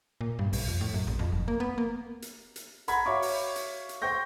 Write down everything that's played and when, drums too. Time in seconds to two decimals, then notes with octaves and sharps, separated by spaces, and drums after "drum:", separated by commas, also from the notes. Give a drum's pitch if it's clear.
0.21 A#2
0.39 G2
0.53 B1, drum: open hi-hat
0.68 F2
0.81 A2
0.94 F#2
1.07 A#1
1.19 F2
1.32 F#1
1.48 A#3
1.60 B3
1.78 A#3
2.22 drum: hi-hat
2.56 drum: hi-hat
2.88 F#5 A#5 B5 G#6 B6, drum: hi-hat
3.06 F#4 C#5 E5 F5 C#6 D6
3.22 drum: open hi-hat
3.56 drum: hi-hat
3.89 drum: hi-hat
4.02 C5 G5 C#6 G6 A#6